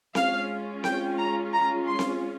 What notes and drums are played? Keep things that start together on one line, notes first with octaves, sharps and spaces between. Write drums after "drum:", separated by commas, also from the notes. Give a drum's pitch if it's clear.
G#3 C#4 F4 F5, drum: snare C4
G5, drum: snare C4
A#5
A#5
C6
drum: snare C4